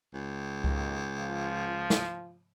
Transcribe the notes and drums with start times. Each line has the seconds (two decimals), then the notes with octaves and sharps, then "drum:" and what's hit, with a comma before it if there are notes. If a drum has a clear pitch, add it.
0.14 C#2
0.64 D#2, drum: kick C#2
1.19 F3
1.90 drum: snare